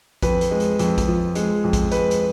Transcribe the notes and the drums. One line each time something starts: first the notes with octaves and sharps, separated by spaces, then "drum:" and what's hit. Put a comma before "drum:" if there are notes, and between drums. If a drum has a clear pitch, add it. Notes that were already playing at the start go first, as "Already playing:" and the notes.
F2 B4, drum: kick A#1, hi-hat
drum: hi-hat
G#3
drum: hi-hat
F2, drum: hi-hat
drum: kick A#1, hi-hat
F3
G#3, drum: hi-hat
F2
drum: kick A#1, hi-hat
G#3 B4, drum: hi-hat
drum: hi-hat